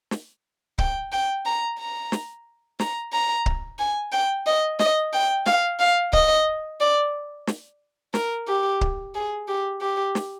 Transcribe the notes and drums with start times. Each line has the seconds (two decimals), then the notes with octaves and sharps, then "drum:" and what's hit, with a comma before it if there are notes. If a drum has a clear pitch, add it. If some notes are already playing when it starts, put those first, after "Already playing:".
0.11 drum: snare
0.78 G5, drum: kick C#1
1.12 G5
1.45 A#5
1.79 A#5
2.12 drum: snare
2.80 A#5, drum: snare
3.13 A#5
3.46 drum: kick C#1
3.79 G#5
4.12 G5
4.46 D#5
4.79 D#5, drum: snare
5.13 G5
5.46 F5, drum: snare
5.79 F5
6.13 D#5, drum: kick C#1
6.81 D5
7.47 drum: snare
8.14 A#4, drum: snare
8.48 G4
8.81 drum: kick C#1
9.15 G#4
9.48 G4
9.81 G4
10.15 drum: snare